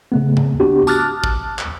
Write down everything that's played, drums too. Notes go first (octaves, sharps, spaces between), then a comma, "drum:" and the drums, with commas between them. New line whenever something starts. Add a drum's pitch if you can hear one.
C#3 A3 B3
drum: tom G#2
B3 D4 F#4 G4
A5 D6 D#6 F6 F#6 A6, drum: tambourine
drum: kick
drum: clap